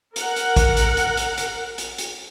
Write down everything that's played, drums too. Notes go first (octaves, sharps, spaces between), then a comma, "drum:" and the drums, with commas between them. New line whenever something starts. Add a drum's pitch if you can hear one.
A#4 F#5, drum: hi-hat
drum: hi-hat
drum: kick, hi-hat
drum: hi-hat
drum: hi-hat
drum: hi-hat
drum: hi-hat
drum: hi-hat
drum: hi-hat